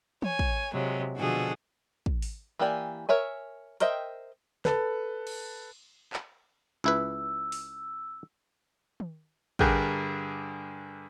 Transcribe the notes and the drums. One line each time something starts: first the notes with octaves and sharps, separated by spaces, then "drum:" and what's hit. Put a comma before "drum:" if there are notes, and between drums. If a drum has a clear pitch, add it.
C#5 G#5, drum: tom
drum: kick
C3 F#3 G#3
B2 D3 F3 F#4 G#4 A4
drum: kick
drum: open hi-hat
E3 A#3 G4 D5 G#5
A#4 C#5 E5 G#5
A#4 C5 D#5 E5 G5, drum: hi-hat
A4 B4, drum: snare
drum: cymbal
drum: clap
C#2 E4 B4 E6
drum: open hi-hat
drum: tom D#3
G2 D3 G#4 A#4 G5 F#6, drum: kick